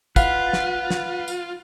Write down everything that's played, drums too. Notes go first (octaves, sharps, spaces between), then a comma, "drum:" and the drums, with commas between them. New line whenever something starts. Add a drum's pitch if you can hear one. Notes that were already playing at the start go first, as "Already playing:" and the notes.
F4 B4 F5 F#5, drum: kick, tambourine
drum: snare
drum: snare
drum: tambourine